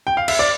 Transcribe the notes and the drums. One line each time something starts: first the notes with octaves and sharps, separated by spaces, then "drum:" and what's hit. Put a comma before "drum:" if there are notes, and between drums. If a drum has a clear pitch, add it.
G5
F5
E5, drum: cymbal
D5